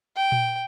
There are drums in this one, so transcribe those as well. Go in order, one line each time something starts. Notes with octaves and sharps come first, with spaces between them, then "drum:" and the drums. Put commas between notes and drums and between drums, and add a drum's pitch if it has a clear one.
G5
drum: tom A#2